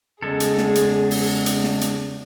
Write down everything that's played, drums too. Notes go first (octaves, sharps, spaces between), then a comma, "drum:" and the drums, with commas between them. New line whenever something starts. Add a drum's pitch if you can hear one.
E2 C#3 G#3 G#4 A4
drum: hi-hat
drum: snare
drum: hi-hat
drum: open hi-hat
drum: hi-hat
drum: snare
drum: hi-hat